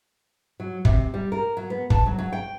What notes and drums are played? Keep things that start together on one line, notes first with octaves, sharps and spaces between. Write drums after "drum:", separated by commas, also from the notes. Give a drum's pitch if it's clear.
F#3
C3, drum: kick
G3
A#4
F#3
B3
A5, drum: kick
F#3
F#3
G5